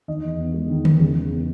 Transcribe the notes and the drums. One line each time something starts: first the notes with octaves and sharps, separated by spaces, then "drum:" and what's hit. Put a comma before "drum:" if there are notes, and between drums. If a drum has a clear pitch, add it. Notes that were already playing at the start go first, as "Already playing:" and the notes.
D#3 D#5
E2
B3
G#3
D#3
E2, drum: tom D3
C#3
E2
B3